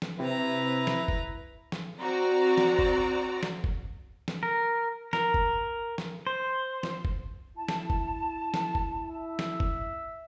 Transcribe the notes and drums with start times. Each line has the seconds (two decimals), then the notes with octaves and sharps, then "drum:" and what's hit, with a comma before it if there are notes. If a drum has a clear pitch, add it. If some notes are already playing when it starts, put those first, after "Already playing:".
0.02 drum: snare
0.19 C3 E4 B4 A#5
0.87 drum: snare
1.08 drum: kick F#1
1.72 drum: snare
1.99 C4 F#4 D5 A#5
2.57 drum: snare
2.79 drum: kick F#1
3.43 drum: snare
3.64 drum: kick F#1
4.28 drum: snare
4.43 A#4
5.13 A#4, drum: snare
5.34 drum: kick F#1
5.98 drum: snare
6.27 C5
6.83 drum: snare
7.05 drum: kick F#1
7.57 E4 A5
7.68 drum: snare
7.90 drum: kick F#1
8.54 drum: snare
8.75 drum: kick F#1
9.10 E5
9.39 drum: snare
9.60 drum: kick F#1